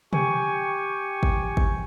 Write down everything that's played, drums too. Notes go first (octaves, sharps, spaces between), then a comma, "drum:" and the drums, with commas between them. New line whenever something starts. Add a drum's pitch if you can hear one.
G4 G5 G#5 C#6, drum: tom
drum: kick
drum: kick